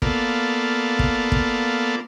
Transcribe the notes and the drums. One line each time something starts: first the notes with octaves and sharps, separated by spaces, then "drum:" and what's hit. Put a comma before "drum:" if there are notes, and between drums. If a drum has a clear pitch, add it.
A#3 B3 F4 A4 D5, drum: kick
drum: kick
drum: kick